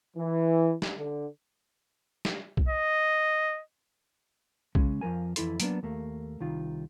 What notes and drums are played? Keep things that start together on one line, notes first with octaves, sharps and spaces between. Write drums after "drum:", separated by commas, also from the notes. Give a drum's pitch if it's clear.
E3
drum: snare
D3
drum: snare
drum: kick B1
D#5
C#3 G#3 C#4, drum: kick B1
F2 F3 F#3 A#4 G#5
F2 E3 E4 A4 C6, drum: hi-hat
F#3 A#3 B3 D4, drum: hi-hat
D#2 A3 A#3
C2 D#3 F4